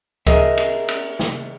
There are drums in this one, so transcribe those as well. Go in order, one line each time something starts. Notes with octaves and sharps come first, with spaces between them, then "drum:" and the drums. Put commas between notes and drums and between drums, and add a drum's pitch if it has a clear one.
G#4 A#4 D#5 E5, drum: kick C#2, cymbal
drum: cymbal
drum: cymbal
drum: snare